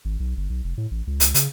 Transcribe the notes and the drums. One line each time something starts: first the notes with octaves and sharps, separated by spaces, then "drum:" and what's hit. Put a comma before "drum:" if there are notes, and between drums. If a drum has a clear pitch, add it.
G#1
B1
G1
B1
F1
A2
A1
C#2
C#2, drum: hi-hat
C#3, drum: hi-hat